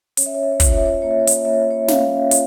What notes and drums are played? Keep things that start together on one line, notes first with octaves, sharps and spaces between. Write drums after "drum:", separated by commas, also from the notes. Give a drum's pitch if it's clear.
C#4 C#5, drum: hi-hat
E5
C#5
E5
C#5
F4 E5, drum: kick, hi-hat
C#5
E5
C#5
E5
A#3 C#5
E5
C#5
E5, drum: hi-hat
C#5
A#3 E5
C#5
E5
C#5
C#4 F5, drum: snare
F4, drum: hi-hat